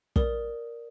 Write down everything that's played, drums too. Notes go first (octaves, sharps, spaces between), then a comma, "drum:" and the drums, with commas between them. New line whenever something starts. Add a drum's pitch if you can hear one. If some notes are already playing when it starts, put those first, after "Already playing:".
A#4 D5 D#6, drum: kick